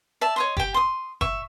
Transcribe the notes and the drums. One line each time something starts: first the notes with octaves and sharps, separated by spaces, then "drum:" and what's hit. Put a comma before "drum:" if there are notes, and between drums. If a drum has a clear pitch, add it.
D5 E5 A5
C#5 D#5 C6
G4 G5, drum: kick F#1
C6 D#6
E5 C#6, drum: kick F#1